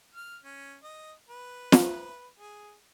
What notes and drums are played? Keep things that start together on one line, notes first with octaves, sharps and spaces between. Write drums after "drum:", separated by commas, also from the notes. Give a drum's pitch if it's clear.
F6
C#4
D#5
B4
drum: snare
G#4